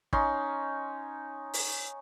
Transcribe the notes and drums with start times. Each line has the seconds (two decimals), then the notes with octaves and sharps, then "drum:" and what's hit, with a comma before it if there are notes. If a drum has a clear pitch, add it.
0.13 C#4 D#4 C6, drum: kick
1.54 drum: open hi-hat